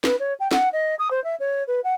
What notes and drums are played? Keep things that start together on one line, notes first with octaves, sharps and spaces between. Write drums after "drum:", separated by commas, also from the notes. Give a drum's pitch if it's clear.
B4, drum: snare
C#5
G5
F#5, drum: snare
D#5
D#6
C5
E5
C#5
B4
F#5